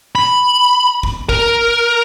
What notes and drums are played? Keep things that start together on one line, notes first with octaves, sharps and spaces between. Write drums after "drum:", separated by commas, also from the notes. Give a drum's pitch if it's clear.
B5
drum: kick G#1
A#4, drum: kick G#1